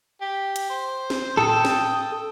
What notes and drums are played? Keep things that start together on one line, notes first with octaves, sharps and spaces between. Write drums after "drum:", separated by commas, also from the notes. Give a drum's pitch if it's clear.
G4
drum: hi-hat
C5
drum: snare
A4 G5 D#6, drum: tom A2
drum: snare